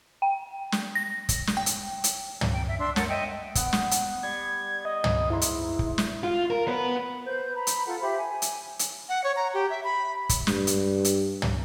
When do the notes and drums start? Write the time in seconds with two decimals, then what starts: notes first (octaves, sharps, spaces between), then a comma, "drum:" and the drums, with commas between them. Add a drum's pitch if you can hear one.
0.22 G5
0.72 drum: snare
0.95 A#6
1.29 drum: kick, hi-hat
1.47 drum: snare
1.57 G5
1.66 drum: hi-hat
2.04 drum: hi-hat
2.41 drum: tom
2.52 G5
2.67 E5
2.79 D4 C6 E6
2.96 A#4 C#5 F#5 A5, drum: snare
3.08 D#5 E5 G5
3.55 B3 F#5, drum: kick, hi-hat
3.73 drum: snare
3.91 drum: hi-hat
4.23 G3 G#6
4.85 D#5
5.04 drum: tom
5.30 G#2 E4 A#5 C6
5.41 drum: hi-hat
5.79 drum: kick
5.98 drum: snare
6.24 F4
6.50 A#4
6.68 B3 B4
7.26 B4 C5 G6
7.55 A#5 B5
7.67 drum: hi-hat
7.86 F4 A4 F#5
8.00 G4 C5 E5 B5
8.18 G#5
8.42 drum: hi-hat
8.79 drum: hi-hat
9.09 F#5
9.24 C#5
9.36 A#5
9.54 G4
9.70 E5
9.84 B5
10.29 drum: kick, hi-hat
10.47 G2, drum: snare
10.67 drum: hi-hat
11.05 drum: hi-hat
11.42 drum: tom